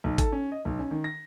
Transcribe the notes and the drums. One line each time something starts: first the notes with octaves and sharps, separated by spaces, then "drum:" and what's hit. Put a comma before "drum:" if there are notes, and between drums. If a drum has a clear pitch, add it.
B1
A4, drum: kick G#1, hi-hat
C#4
D#5
B1
C#4
D#3
A#6